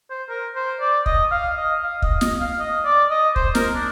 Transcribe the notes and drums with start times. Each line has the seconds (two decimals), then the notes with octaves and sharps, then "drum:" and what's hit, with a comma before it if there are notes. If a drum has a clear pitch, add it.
0.10 C5
0.29 A#4
0.55 C5
0.81 D5
1.06 D#5, drum: kick
1.31 F5
1.57 D#5
1.83 F5
2.02 D#5, drum: kick
2.21 D#5, drum: snare
2.40 F5
2.60 D#5
2.85 D5
3.11 D#5
3.36 C5, drum: kick
3.55 A#4, drum: snare
3.75 D4